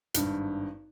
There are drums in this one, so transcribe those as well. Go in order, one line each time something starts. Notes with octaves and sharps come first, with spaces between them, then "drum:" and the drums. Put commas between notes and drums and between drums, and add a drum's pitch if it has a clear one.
G#1 G2, drum: hi-hat